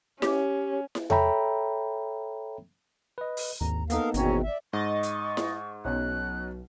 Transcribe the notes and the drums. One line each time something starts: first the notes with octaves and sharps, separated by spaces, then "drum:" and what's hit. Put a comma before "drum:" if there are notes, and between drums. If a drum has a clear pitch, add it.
C#4 G4, drum: snare E4
drum: snare E4
A4 C#5 E5 G5 A#5 B5, drum: tom E2
B4 D#5
drum: open hi-hat
G#1 D#2 A#5
A#3 B3 D#4 A4 A#4 F5 D#6, drum: hi-hat
G#1 E2 B2 C4 C#4 C#5 A#5, drum: hi-hat
D5 E5
G#2 D#5 C#6 A6
drum: hi-hat
drum: snare E4
B1 B2 C#4 D#4 F#6